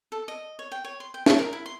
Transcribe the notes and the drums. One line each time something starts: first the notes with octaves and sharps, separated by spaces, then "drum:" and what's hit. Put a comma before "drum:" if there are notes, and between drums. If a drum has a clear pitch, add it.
A4
D#5
C#5
G5
C#5
C6
G5
A5, drum: snare
A#4
E4
C6